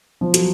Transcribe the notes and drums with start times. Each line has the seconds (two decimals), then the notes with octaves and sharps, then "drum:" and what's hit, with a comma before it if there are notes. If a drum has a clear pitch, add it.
0.21 F3
0.34 F#3, drum: hi-hat